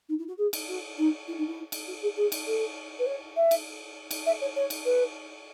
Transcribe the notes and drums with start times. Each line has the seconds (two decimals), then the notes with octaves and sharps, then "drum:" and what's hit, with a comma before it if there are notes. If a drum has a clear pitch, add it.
0.09 D#4
0.18 E4
0.28 F#4
0.37 G#4
0.53 drum: cymbal
0.68 F#4
0.97 D#4
1.27 E4
1.38 D#4
1.47 E4
1.72 drum: cymbal
1.87 F#4
2.02 G#4
2.16 G#4
2.32 drum: cymbal
2.47 A4
2.99 B4
3.06 C#5
3.36 E5
3.51 drum: cymbal
4.11 drum: cymbal
4.26 E5
4.41 C#5
4.55 C#5
4.70 drum: cymbal
4.85 B4